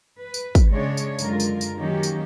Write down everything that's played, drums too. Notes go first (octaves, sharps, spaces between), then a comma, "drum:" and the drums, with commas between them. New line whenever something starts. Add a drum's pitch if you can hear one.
B4
drum: tambourine
drum: kick, tambourine
C#3 G#3 D4 C#5
drum: tambourine
F#2 D3 G#3 F4 A#4, drum: tambourine
drum: tambourine
drum: tambourine
D#3 F#3 A#3 C#4 D#4 G4
drum: tambourine